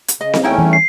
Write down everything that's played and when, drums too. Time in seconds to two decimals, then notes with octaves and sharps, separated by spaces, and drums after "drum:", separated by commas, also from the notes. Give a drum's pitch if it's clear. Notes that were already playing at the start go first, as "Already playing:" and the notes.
0.08 drum: hi-hat
0.21 C#3 D#5
0.34 drum: snare C4
0.43 E2 A3 C#4 D#4 E4 G5
0.58 E3 G3
0.73 C7